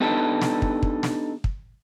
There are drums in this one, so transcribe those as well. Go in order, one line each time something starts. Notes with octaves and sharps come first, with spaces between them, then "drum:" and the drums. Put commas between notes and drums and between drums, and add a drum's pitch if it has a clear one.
B3 D4 D#4 G4 A4
drum: snare
drum: kick
drum: kick
drum: snare
drum: kick